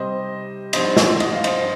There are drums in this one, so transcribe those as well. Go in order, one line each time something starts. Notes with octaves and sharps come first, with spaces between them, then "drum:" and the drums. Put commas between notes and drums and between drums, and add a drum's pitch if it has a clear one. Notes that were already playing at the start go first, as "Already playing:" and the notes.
Already playing: C3 G3 C4 C5 D#5
G2 F3 C4 D#4 C5 D#5, drum: cymbal
drum: snare
D#5, drum: cymbal
F5
C5 D#5, drum: cymbal